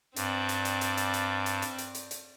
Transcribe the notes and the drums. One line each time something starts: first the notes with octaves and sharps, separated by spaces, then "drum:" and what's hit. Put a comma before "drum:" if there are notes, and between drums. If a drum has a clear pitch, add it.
G2 C4 D5, drum: hi-hat
drum: hi-hat
drum: hi-hat
drum: hi-hat
drum: hi-hat
drum: hi-hat
drum: hi-hat
drum: hi-hat
drum: hi-hat
drum: hi-hat
drum: hi-hat